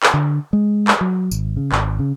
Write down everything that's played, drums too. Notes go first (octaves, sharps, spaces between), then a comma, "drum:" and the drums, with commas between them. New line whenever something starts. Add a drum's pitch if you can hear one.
drum: clap
D3
G#3
drum: clap
F#3
G#1, drum: tambourine
C#3
G#1, drum: clap
C#3